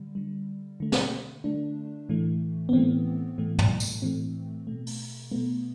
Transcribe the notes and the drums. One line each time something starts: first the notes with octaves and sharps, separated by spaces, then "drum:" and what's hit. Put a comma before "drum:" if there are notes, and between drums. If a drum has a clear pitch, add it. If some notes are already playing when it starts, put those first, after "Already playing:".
Already playing: D3 G3
D3 G3
D3 A3
drum: snare
D3 A3 D4
A2 E3 A3
B3
A2 E3 A3 C4
A2 E3 A3
drum: tom
drum: tambourine
A2 E3 A3 C4
B2 A3
drum: open hi-hat
B2 A3 B3